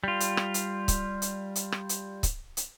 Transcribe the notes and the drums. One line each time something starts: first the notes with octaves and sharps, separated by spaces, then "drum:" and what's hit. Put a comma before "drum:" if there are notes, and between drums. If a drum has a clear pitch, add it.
G3 F4
drum: hi-hat
drum: rim click
drum: hi-hat
drum: kick C#1, hi-hat
drum: hi-hat
drum: hi-hat
drum: rim click
drum: hi-hat
drum: kick C#1, hi-hat
drum: hi-hat